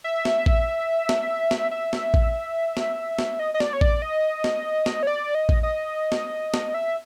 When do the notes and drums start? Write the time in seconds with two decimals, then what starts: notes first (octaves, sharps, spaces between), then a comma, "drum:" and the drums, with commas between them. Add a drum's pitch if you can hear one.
0.04 E5
0.25 drum: snare
0.46 drum: kick A1
1.09 drum: snare
1.51 drum: snare
1.71 E5
1.93 drum: snare
2.14 drum: kick A1
2.77 drum: snare
3.19 drum: snare
3.39 D#5
3.54 D#5
3.60 D5, drum: snare
3.73 C#5
3.81 D5, drum: kick A1
4.02 D#5
4.44 drum: snare
4.86 drum: snare
5.03 C#5
5.07 D5
5.35 D#5
5.49 drum: kick A1
5.63 D#5
6.12 drum: snare
6.54 drum: snare
6.74 E5